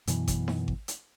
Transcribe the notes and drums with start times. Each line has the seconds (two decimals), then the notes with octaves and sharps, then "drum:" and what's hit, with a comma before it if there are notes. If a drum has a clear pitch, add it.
0.07 F#2 B2 E3, drum: hi-hat
0.28 drum: kick G#1, hi-hat
0.48 drum: snare D#4
0.68 drum: kick G#1
0.88 drum: hi-hat